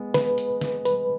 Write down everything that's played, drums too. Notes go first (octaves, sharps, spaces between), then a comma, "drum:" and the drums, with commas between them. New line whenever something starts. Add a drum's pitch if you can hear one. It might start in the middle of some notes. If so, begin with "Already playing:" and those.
Already playing: G#3 B3
B4, drum: snare
drum: hi-hat
drum: snare
B4, drum: hi-hat